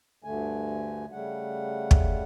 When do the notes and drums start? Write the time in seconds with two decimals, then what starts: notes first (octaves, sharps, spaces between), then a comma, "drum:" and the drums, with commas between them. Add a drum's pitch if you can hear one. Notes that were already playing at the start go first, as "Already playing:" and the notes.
0.24 D2 G2 D3 A3 G#5
1.12 C#3 G3 A3 F#5
1.91 drum: kick